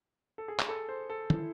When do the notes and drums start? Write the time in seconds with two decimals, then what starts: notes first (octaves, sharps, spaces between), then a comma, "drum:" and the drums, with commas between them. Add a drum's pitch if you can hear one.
0.38 A4
0.48 G#4
0.59 drum: clap
0.69 A4
0.89 C5
1.10 A4
1.30 E4, drum: tom